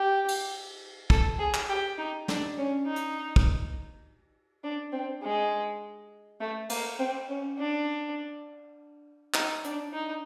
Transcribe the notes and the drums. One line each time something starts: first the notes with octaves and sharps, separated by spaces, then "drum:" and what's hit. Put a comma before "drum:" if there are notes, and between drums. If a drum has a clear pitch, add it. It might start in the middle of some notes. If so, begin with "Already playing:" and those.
Already playing: G4
drum: cymbal
A4, drum: kick
G#4
drum: clap
G4
D#4
D4, drum: snare
C#4
D#4
drum: hi-hat
drum: kick
D4
C4
G#3
A3
A#3, drum: cymbal
C4
C#4
D4
D#4, drum: clap
D4, drum: hi-hat
D#4